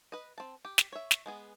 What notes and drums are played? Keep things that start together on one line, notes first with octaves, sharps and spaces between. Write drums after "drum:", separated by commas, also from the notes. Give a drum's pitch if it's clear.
B4 D#5
C4 A5
G4
drum: snare
C#5 E5
drum: snare
G#3 B3 G#4